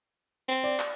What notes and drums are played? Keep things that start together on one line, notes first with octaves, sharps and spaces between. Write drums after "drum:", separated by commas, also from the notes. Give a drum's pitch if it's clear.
C4
D5
drum: clap